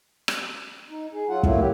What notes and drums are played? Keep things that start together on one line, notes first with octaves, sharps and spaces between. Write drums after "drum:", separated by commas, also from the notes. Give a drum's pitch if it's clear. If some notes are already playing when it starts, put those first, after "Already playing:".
drum: rim click
D#4
G#4
F#3 F4 F#5
F#3 A3 A#3 E4, drum: kick
G4